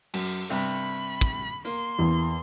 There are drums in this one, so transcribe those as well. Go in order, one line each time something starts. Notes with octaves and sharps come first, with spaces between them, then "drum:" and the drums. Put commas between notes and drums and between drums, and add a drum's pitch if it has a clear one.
F#2, drum: cymbal
G2 C3 B5
drum: kick
A#3 C6, drum: tambourine
E2